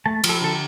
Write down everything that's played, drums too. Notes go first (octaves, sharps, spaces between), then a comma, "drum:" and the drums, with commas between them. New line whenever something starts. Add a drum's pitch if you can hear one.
A3 A5
F3, drum: cymbal
A4
D3 A4